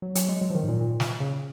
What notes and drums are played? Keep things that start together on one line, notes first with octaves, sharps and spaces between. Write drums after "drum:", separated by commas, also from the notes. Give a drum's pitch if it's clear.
F#3
F#3, drum: hi-hat
G#3
F#3
F3
D#3
G#2
A#2
A#2
drum: snare
C#3